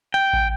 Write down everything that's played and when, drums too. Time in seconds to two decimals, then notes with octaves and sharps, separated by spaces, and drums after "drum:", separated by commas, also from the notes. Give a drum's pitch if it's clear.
0.14 G5
0.33 drum: kick A1